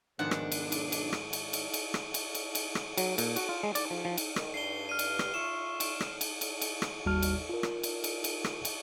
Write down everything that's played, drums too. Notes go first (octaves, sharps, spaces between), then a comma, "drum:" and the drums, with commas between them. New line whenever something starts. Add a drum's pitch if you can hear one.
B1 G#2 D#3 F3 D4 F#5
drum: rim click
drum: cymbal
drum: cymbal
drum: cymbal
drum: rim click
drum: cymbal
drum: cymbal
drum: cymbal
drum: rim click
drum: cymbal
drum: cymbal
drum: cymbal
drum: rim click
F#3, drum: cymbal
A#2, drum: cymbal
F#4, drum: cymbal
F4
G#3
D5, drum: cymbal
F3
F3
drum: cymbal
D#3, drum: rim click
G2 C7 G7
F6 D#7
drum: cymbal
drum: rim click
F4 E5 C#6 E7
drum: cymbal
drum: rim click
drum: cymbal
drum: cymbal
drum: cymbal
drum: rim click
G1 D#2 G3 F#4 A5 F6
drum: cymbal
F4 A#4
drum: rim click
drum: cymbal
drum: cymbal
drum: cymbal
drum: rim click
drum: cymbal